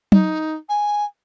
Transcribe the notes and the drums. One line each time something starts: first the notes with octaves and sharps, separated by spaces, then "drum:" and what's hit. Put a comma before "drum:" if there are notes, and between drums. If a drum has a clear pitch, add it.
D#4, drum: tom F#3
G#5